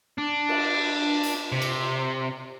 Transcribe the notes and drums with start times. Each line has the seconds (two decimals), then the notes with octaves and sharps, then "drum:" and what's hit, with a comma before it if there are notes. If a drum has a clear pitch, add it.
0.18 D4
0.49 drum: cymbal
1.23 drum: hi-hat
1.52 C3
1.62 drum: cymbal